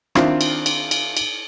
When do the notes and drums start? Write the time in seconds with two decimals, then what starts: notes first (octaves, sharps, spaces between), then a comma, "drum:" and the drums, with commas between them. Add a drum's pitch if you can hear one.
0.15 D#3 C4 D4 E4 F4, drum: rim click
0.41 drum: cymbal
0.66 drum: cymbal
0.91 drum: cymbal
1.17 drum: cymbal